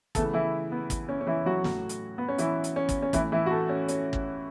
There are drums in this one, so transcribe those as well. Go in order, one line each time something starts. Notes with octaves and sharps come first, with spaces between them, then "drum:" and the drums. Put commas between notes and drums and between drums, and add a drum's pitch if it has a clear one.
C#3 E3 A3 B3 A4, drum: kick, hi-hat
E3 E4
B3
drum: kick, hi-hat
C#4
C#4
E3 E4
F#3 F#4
A2 F#3 A3, drum: snare
drum: hi-hat
B3
C#4
E3 E4, drum: hi-hat
drum: hi-hat
C#4
drum: kick, hi-hat
C#4
A2 E3 A3 E4, drum: kick, hi-hat
E3 E4
F#4
A3 A4
C#4
C#4, drum: hi-hat
drum: kick